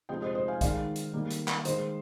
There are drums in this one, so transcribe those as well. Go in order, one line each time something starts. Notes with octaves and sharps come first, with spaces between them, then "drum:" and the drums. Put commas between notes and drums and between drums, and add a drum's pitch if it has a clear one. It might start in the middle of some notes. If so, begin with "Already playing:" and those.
C3 F3 G#3 D#5 G5
C5 D#5
C5 D#5
F5 G#5
D#3 G#3 D5 F5, drum: kick, hi-hat
drum: hi-hat
D#3 G3 A#3
drum: hi-hat
drum: clap
D#3 G#3 C5 D#5, drum: hi-hat